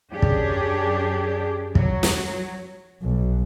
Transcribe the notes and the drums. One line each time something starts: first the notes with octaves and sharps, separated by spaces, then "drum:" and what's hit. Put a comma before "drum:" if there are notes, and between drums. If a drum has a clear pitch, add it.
F#2 C#4 D4 G4 G#4
drum: kick
F#3, drum: kick
drum: snare
B1